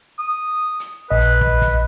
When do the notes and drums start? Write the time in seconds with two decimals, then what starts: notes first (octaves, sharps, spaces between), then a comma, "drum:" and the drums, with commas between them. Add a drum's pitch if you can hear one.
0.18 D#6
0.80 drum: hi-hat
1.10 A#1 B4 D#5
1.21 drum: hi-hat
1.41 drum: kick
1.62 drum: kick, hi-hat